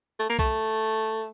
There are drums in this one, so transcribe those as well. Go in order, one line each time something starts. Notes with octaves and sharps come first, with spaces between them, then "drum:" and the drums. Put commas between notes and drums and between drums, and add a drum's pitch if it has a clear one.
A3
A#3
A3, drum: kick